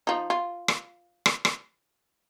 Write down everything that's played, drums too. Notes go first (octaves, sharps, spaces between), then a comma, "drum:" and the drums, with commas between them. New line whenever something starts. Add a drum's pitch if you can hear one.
F3 D#4
F4
drum: rim click
drum: rim click
drum: rim click